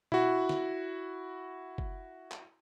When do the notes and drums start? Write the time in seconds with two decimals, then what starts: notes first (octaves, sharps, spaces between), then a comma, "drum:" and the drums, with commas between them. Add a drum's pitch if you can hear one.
0.12 E4 F#4, drum: tom B2
0.49 drum: snare
1.78 drum: kick
2.32 drum: clap